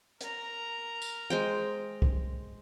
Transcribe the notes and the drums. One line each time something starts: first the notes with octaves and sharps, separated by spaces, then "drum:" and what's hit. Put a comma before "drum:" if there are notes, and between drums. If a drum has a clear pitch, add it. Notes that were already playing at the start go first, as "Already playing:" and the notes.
A#4 A#5, drum: hi-hat
drum: tambourine
G#3 C5 G5
drum: kick C2